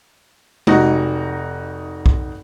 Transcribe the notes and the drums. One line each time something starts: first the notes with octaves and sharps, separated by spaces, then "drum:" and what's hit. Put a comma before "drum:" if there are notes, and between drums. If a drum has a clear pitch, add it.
F1 D#4 F#4, drum: tom G#3
drum: kick B1